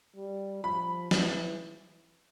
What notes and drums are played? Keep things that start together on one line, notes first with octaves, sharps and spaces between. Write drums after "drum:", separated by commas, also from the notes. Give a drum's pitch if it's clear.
G3
F3 B5
E3, drum: snare